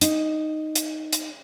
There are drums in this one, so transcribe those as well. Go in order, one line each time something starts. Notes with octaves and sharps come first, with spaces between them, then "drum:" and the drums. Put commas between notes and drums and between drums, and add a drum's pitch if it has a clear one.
D#4, drum: hi-hat
drum: hi-hat
drum: hi-hat